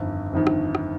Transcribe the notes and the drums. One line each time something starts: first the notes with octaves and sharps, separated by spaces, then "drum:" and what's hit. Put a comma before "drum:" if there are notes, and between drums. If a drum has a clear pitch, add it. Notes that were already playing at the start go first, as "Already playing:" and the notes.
Already playing: G1 F2 D#3
G1 F2 D#3
drum: rim click
drum: rim click